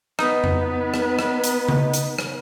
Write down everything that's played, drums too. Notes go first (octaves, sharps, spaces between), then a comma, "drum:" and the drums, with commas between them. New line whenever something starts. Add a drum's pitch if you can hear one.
B3 D#4 B4, drum: rim click
drum: tom F2
drum: rim click
drum: rim click
drum: hi-hat
drum: tom C#3
drum: hi-hat
drum: rim click